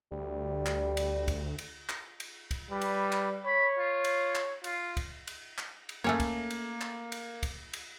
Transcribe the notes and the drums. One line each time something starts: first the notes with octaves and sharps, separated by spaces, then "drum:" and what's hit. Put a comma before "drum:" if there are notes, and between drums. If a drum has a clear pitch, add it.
D2 G3
drum: clap
drum: cymbal
drum: kick, cymbal
drum: cymbal
drum: clap
drum: cymbal
drum: kick, cymbal
G3 B4
drum: cymbal
drum: clap
C#5 B5
F4
drum: cymbal
drum: clap
F4, drum: cymbal
drum: kick, cymbal
drum: cymbal
drum: clap
drum: cymbal
A3 A#3 C#4 C#5
drum: kick, cymbal
drum: cymbal
drum: clap
drum: cymbal
drum: kick, cymbal
drum: cymbal